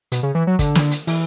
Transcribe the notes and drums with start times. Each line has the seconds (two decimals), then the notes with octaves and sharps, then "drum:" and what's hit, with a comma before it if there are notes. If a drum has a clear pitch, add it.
0.12 B2, drum: hi-hat
0.23 C#3
0.35 E3
0.47 F#3
0.59 D3, drum: kick, hi-hat
0.75 drum: snare
0.91 drum: hi-hat
1.07 E3, drum: open hi-hat